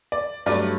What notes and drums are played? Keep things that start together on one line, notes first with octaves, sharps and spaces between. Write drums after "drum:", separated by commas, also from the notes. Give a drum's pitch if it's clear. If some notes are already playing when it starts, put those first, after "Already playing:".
D5
G2 F#3 A3 D5, drum: open hi-hat